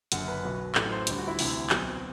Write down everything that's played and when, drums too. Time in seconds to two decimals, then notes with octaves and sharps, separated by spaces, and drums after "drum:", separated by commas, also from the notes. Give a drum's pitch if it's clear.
0.12 F#1 F#2 D3 F#5, drum: hi-hat
0.28 B4
0.43 B1 B2 F#3
0.75 A1 A2 F#3 A4, drum: clap
0.91 C5
1.07 D2 D3 G3, drum: hi-hat
1.18 F#4
1.28 E4
1.39 D2 C3 E3, drum: open hi-hat
1.70 B1 B2 F#3 C4, drum: clap